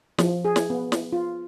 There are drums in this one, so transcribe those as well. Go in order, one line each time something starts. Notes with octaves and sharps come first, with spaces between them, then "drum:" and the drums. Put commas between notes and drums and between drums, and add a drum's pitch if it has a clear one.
F3, drum: snare
G#4
drum: snare
B3
drum: snare
F4